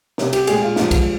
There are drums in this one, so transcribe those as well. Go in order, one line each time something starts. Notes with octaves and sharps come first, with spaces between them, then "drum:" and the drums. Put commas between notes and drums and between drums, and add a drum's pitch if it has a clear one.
C3 G3 C#4, drum: snare
G4, drum: cymbal
A#2 G#3 G#4, drum: cymbal
F4
G2 F3 G#3, drum: snare
drum: kick, cymbal